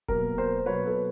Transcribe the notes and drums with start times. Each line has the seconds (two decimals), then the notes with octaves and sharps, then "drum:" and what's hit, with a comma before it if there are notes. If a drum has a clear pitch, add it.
0.08 B2 F#3 A#3 A#4, drum: kick E1
0.38 A#4 C5
0.66 B2 F#3 A#3 B4 C#5
0.86 A4 B4